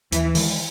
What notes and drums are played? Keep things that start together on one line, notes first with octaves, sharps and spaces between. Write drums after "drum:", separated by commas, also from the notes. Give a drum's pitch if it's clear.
D#2 E3, drum: hi-hat
D#3 G#3, drum: open hi-hat